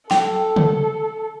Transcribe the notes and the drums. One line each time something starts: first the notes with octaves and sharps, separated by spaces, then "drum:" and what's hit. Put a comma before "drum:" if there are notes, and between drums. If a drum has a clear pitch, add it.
A4 G5, drum: snare
drum: tom